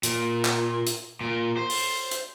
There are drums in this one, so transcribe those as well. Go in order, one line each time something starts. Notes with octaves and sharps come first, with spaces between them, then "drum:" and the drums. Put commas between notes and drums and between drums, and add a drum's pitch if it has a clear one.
A#2, drum: hi-hat
drum: clap
drum: hi-hat
A#2
C5
drum: open hi-hat
drum: hi-hat